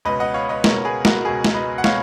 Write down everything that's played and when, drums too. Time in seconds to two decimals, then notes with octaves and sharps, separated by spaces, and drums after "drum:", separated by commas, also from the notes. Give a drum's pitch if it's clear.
0.05 C#2 B2 B4 D#5
0.20 D#5 F#5
0.34 C#5 F5
0.49 B4 D#5
0.64 C#2 B2 A#4 C#5, drum: snare
0.84 G#4 B4
1.05 F#4 A#4, drum: snare
1.24 C#2 B2 G#4 B4
1.44 drum: snare
1.54 B4 D#5
1.78 F#5
1.84 B2 C#5 F5, drum: snare